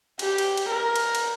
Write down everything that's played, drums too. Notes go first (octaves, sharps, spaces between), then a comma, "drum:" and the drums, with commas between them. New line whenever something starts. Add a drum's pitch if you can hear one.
G4, drum: cymbal
drum: cymbal
drum: cymbal
A#4
drum: cymbal
drum: cymbal